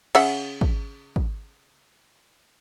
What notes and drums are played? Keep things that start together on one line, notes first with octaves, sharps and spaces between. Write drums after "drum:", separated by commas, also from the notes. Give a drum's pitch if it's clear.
C#3 E5 F#5, drum: cymbal
drum: kick
drum: kick